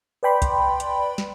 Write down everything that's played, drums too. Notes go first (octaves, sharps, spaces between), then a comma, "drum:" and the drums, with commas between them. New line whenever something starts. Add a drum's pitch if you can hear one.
B4 D5 G5 B5 C6
drum: kick, hi-hat
drum: hi-hat
drum: snare